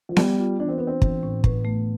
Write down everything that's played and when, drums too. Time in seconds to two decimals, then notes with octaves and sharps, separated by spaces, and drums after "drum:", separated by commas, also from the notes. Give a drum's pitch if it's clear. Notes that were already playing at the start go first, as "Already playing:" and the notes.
0.09 F3
0.16 G3 B3, drum: snare B3
0.38 F4
0.59 E3 D4
0.68 C4
0.78 B3 D4
0.87 C4
1.02 E3, drum: kick
1.23 A2
1.44 A2 B3, drum: kick
1.65 A3